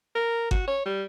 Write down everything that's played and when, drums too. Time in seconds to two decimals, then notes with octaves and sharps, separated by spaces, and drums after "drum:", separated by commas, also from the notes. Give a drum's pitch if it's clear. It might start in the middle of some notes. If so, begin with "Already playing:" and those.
0.15 A#4
0.51 F#4, drum: kick G1
0.68 C#5
0.85 G3